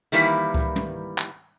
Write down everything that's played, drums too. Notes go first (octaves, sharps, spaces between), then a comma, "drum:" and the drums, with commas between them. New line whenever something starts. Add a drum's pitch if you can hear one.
D#3 E3 G3 A#3 E4 B4
drum: kick C#2
drum: tom
drum: clap